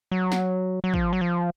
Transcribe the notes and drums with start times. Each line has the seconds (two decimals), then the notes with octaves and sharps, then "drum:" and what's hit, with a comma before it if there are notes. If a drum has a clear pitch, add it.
0.11 F#3
0.32 drum: snare
0.84 F#3
0.94 F3, drum: kick
1.13 F#3
1.21 F3